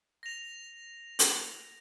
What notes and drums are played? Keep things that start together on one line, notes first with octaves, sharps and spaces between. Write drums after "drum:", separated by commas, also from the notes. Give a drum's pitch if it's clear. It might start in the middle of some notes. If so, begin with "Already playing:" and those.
A#6 F7
drum: hi-hat